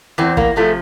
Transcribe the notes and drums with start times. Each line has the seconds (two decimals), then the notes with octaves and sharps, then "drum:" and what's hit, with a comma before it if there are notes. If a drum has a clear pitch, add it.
0.18 E2 C4
0.37 A#3, drum: kick
0.56 C3 F3 G#3 A3